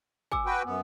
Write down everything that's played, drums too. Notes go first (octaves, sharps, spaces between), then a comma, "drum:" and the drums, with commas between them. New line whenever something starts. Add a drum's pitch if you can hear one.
G#5 D6 E6, drum: kick
F#4 B4 G5
F#2 B3